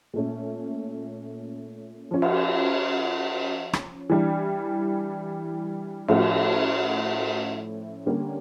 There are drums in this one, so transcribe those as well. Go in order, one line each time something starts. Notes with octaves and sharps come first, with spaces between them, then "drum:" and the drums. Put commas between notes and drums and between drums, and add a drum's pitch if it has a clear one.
A#2 A3 C#4
F3 C#4 F4
drum: cymbal
drum: rim click
E3 G3 D4
A2 F3 A3 C#4 E4, drum: cymbal
D3 G3 A#3 C#4 G4